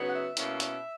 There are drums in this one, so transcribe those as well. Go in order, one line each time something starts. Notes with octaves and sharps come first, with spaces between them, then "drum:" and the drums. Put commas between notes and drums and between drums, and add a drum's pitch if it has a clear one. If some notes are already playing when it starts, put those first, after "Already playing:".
Already playing: C#3 F#3 B3 D#4
F#5
E5
B2 A#3 C#4 E4, drum: hi-hat
drum: hi-hat